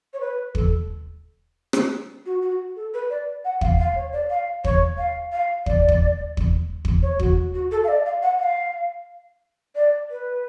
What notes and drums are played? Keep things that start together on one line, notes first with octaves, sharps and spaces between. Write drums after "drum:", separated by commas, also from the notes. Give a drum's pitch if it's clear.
C#5
B4
A4, drum: kick
drum: rim click
F#4
F#4
A4
B4
D5
F#5
F5, drum: kick
F5
C#5
D5
F5
C#5, drum: kick
F5
F5
D5, drum: kick
drum: kick
drum: kick
drum: kick
C#5
F#4, drum: kick
F#4
A4
F5
D5
F5
F#5
F5
D5
B4